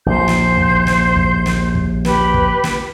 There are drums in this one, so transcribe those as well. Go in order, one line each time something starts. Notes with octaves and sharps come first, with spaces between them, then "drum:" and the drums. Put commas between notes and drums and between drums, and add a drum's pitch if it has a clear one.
A#1 D#2 C5 G6
drum: snare
drum: kick
drum: snare
drum: kick
drum: snare
drum: kick
G4 B4, drum: snare
drum: kick
drum: snare